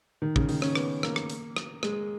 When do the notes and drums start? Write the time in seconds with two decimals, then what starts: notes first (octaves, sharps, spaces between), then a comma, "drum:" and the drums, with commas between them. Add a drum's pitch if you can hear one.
0.22 D#3
0.36 C#3, drum: kick
0.49 D#3, drum: open hi-hat
0.62 C#4, drum: rim click
0.75 B3, drum: rim click
1.03 A#3, drum: rim click
1.16 drum: rim click
1.30 drum: hi-hat
1.56 drum: rim click
1.83 G#3, drum: rim click